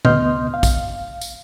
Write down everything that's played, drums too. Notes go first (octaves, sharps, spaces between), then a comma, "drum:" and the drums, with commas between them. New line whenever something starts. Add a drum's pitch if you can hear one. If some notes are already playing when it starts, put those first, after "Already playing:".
D2 B3 D#5 C6 F6 G6, drum: tom A#2
F5
drum: kick, tambourine
drum: tambourine